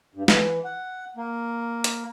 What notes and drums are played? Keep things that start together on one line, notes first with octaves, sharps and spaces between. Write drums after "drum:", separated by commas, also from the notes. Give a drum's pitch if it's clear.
G2
E3, drum: snare
F#5
A#3
drum: hi-hat